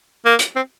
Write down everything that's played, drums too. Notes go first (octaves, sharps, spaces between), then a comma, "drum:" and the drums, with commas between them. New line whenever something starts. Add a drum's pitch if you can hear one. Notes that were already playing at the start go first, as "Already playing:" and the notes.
A#3
drum: hi-hat
C4